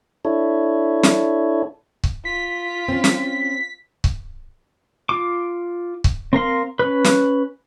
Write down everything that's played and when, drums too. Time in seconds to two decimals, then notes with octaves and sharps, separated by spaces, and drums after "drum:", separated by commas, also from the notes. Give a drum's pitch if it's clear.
0.25 D4 E4 A4 C#5
1.03 drum: snare
2.04 drum: kick C#1
2.25 F4 B6
2.88 C4 C#4
3.04 drum: snare
4.04 drum: kick C#1
5.09 F4 D6
6.04 drum: kick C#1
6.33 C4 A#4 F5 C6
6.79 C#4 B4
7.04 drum: snare